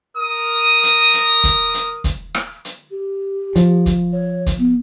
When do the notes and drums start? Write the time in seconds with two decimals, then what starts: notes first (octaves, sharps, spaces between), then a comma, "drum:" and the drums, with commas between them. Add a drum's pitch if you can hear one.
0.18 A#4 D#6
0.83 drum: hi-hat
1.13 drum: hi-hat
1.44 drum: kick, hi-hat
1.74 drum: hi-hat
2.04 drum: kick, hi-hat
2.34 drum: rim click
2.65 drum: hi-hat
2.91 G4
3.56 F3, drum: hi-hat
3.86 drum: kick, hi-hat
4.13 C#5
4.46 drum: kick, hi-hat
4.58 B3